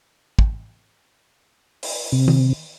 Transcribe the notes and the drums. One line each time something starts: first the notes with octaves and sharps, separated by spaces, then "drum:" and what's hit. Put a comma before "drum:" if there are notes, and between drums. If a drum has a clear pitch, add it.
drum: kick
drum: open hi-hat
C3
drum: tom D#3